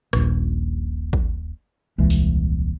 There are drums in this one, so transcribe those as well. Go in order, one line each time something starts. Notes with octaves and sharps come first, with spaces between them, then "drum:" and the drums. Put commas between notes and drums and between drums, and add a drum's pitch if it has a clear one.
D#1 A#1, drum: rim click
drum: kick
D#1 C2 E3 G#3
drum: open hi-hat